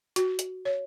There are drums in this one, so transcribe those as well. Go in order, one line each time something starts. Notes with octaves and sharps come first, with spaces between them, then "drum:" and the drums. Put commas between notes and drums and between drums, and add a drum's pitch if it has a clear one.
F#4, drum: hi-hat
drum: hi-hat
C#5